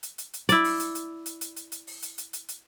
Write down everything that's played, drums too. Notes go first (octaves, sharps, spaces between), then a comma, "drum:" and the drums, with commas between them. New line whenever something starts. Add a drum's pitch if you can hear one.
drum: hi-hat
drum: hi-hat
drum: hi-hat
E4 D5, drum: hi-hat
drum: open hi-hat
drum: hi-hat
drum: hi-hat
drum: hi-hat
drum: hi-hat
drum: hi-hat
drum: hi-hat
drum: open hi-hat
drum: hi-hat
drum: hi-hat
drum: hi-hat
drum: hi-hat